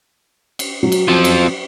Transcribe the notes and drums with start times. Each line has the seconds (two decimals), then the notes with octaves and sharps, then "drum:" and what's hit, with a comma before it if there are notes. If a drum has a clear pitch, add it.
0.59 drum: cymbal
0.83 F#3
0.92 drum: cymbal
1.08 F3 C4
1.24 drum: cymbal